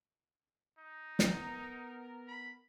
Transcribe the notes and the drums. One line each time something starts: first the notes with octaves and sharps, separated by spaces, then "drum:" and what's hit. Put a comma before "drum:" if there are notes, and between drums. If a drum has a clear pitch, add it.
D#4
B3 A#4, drum: snare
B5